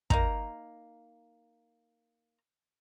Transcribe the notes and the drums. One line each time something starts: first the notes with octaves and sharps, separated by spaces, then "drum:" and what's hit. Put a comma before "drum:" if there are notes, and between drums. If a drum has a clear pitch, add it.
A#3 D#4 A#5, drum: kick